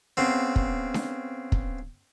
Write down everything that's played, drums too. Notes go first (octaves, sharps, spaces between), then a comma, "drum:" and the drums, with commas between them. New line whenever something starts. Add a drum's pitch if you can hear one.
C#3 B3 C4
drum: kick
drum: snare D4
drum: kick